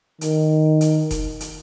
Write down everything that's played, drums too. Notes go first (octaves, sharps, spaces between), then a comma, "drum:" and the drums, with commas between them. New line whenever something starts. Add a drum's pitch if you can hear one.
D#3, drum: hi-hat
drum: hi-hat
drum: kick F1, hi-hat
drum: hi-hat